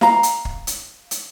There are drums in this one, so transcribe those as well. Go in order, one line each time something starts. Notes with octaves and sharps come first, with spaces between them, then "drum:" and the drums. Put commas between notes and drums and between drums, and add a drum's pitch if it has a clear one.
F5 A#5, drum: snare
drum: hi-hat
drum: kick
drum: hi-hat
drum: hi-hat